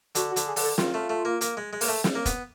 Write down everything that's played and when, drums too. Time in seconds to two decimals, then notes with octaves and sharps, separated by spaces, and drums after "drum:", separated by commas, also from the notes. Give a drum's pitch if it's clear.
0.15 D3 F#4, drum: hi-hat
0.31 F#4
0.36 D3, drum: hi-hat
0.47 G#4
0.56 D3, drum: open hi-hat
0.63 A4
0.78 D#3 F4, drum: snare
0.94 A3
1.10 A3
1.25 A#3
1.41 A#3, drum: hi-hat
1.57 G#3
1.73 G#3
1.81 A#3, drum: open hi-hat
1.88 A3
2.04 drum: snare
2.15 A#3
2.26 B3, drum: kick F1, hi-hat